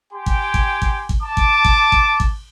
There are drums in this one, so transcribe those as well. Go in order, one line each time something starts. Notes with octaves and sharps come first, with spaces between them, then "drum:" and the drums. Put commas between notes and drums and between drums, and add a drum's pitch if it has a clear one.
G4 G5 G#5 C6
drum: kick G#1
drum: kick G#1
drum: kick G#1
drum: kick G#1
A5 D6
drum: kick G#1
drum: kick G#1
drum: kick G#1
drum: kick G#1